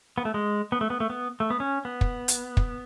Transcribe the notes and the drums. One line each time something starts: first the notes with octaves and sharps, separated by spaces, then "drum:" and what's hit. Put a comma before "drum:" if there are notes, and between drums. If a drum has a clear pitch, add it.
B3
A3
G#3
B3
A3
B3
A3
B3
A3
B3
C#4
B3
drum: kick
drum: hi-hat
drum: kick